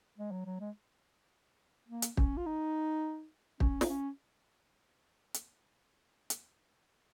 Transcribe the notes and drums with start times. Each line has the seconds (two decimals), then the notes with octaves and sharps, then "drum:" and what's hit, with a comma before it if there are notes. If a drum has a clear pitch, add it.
0.18 G#3
0.31 F#3
0.46 F#3
0.60 G#3
1.89 A#3
2.02 drum: hi-hat
2.17 C#4, drum: kick
2.37 F4
2.46 D#4
3.60 C#4, drum: kick
3.81 D#4, drum: snare
3.89 C#4
5.34 drum: hi-hat
6.30 drum: hi-hat